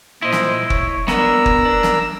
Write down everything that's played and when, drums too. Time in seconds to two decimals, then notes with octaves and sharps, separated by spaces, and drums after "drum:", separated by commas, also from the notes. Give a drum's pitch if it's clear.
0.22 A#2 E4 C5 D#5
0.33 drum: snare
0.70 C#5, drum: kick
1.08 B3 D4 A#4 A#5 E6, drum: snare
1.46 drum: kick
1.65 D4
1.83 drum: snare